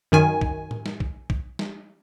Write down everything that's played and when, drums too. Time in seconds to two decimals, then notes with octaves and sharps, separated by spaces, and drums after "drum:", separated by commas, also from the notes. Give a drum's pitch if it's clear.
0.12 F#2 D#3 G#5
0.41 drum: kick
0.71 drum: tom A2
0.86 drum: snare
1.00 drum: kick
1.30 drum: kick
1.59 drum: snare